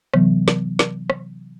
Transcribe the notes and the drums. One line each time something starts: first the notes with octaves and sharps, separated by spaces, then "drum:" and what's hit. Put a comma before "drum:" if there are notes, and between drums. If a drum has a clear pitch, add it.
C3 E3 F#3 B3, drum: rim click
drum: snare
drum: snare
drum: rim click